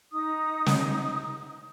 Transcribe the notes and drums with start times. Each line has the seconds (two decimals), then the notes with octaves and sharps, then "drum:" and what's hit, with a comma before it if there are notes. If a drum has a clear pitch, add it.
0.12 D#4 D#6
0.66 drum: snare